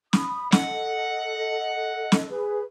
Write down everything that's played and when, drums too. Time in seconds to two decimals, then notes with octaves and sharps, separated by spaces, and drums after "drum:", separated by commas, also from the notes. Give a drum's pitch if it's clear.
0.13 B5 D#6, drum: snare
0.52 A4 D#5 F#5, drum: snare
2.12 drum: snare
2.30 G#4 B4